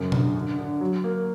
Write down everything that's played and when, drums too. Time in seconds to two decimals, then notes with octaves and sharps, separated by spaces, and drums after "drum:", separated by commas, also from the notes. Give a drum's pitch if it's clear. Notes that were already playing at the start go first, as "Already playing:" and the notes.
Already playing: F#2 C#3
0.12 D3, drum: tom B2
0.35 D3
0.58 D3
0.81 F#3
1.04 A#3